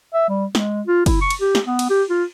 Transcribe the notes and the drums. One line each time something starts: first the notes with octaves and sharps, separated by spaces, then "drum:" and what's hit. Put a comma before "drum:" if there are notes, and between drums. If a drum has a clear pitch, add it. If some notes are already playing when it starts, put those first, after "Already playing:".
E5
G3
G#3, drum: snare
F4
E4, drum: kick, cymbal
C#6
drum: cymbal
G4
drum: snare
B3
drum: cymbal
G4
F4